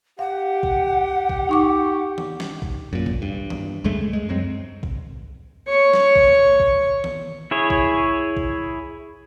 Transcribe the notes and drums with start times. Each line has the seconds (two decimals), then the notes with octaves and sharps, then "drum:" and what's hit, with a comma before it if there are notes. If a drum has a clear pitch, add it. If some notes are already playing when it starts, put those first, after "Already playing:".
0.19 G4 F5 F#5
0.63 drum: kick A#1
1.29 drum: kick A#1
1.49 D#4 C#6 D6
2.18 drum: tom D#3
2.40 drum: snare
2.62 drum: kick A#1
2.93 F#2 A#2
3.06 drum: kick A#1
3.22 G2
3.50 drum: tom D#3
3.84 C#2 G2 G#3 A3
4.13 G#3
4.29 F#2 F#3 C4
4.83 drum: kick A#1
5.68 C#5 C#6
5.93 drum: snare
6.16 drum: kick A#1
6.60 drum: kick A#1
7.04 drum: tom D#3
7.51 E4 G#4 C#5
7.70 drum: kick A#1
8.37 drum: kick A#1